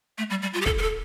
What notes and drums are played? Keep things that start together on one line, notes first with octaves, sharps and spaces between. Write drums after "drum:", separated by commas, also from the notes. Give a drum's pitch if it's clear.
A3
G3
G3
F4
G4
A4, drum: kick
A#4
A4